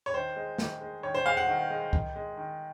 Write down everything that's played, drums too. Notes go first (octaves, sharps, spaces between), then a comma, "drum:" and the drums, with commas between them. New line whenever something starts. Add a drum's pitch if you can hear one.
C#5
D#3 C5
G#3
D#3, drum: snare
G#3
D#3 C#5
C5
G#3 F5
F#5
D#3
G#3
D#3, drum: kick C2
G#3
D#3